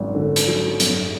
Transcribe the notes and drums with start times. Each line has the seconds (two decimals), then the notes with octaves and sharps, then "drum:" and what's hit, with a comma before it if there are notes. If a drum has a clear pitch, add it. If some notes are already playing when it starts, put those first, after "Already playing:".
Already playing: G#1 F#2
0.15 D3
0.36 drum: hi-hat
0.47 F#3
0.80 F#2, drum: hi-hat